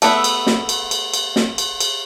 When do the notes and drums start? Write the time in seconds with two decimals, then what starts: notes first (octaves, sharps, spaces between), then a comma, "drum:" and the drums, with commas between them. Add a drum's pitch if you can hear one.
0.02 A3 B3 E4, drum: cymbal
0.24 drum: cymbal
0.47 drum: snare
0.69 drum: cymbal
0.91 drum: cymbal
1.14 drum: cymbal
1.36 drum: snare
1.58 drum: cymbal
1.80 drum: cymbal